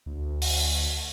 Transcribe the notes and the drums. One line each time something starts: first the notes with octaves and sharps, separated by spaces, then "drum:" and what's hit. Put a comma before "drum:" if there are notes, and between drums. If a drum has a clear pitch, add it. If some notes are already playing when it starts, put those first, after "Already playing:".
D2
drum: open hi-hat